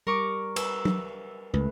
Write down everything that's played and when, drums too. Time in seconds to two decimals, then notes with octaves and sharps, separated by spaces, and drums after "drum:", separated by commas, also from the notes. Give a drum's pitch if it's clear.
0.07 G3 A#4 C#6 D6
0.56 B4 E6, drum: cymbal
0.85 drum: tom F#3
1.54 C#2 A3 B4